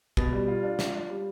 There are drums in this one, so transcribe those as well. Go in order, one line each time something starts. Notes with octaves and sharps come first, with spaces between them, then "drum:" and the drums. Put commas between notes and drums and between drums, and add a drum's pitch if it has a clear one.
B2, drum: kick
G3
F4
D4
F4, drum: snare
D4
G3